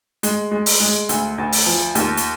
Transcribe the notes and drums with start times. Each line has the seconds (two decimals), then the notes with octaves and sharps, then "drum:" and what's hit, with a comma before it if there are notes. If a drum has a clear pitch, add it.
0.23 G#3, drum: hi-hat
0.51 G#3
0.66 drum: open hi-hat
0.80 G#3
1.09 D2, drum: hi-hat
1.38 D2
1.52 drum: open hi-hat
1.66 F3
1.95 D#2, drum: hi-hat
2.17 drum: hi-hat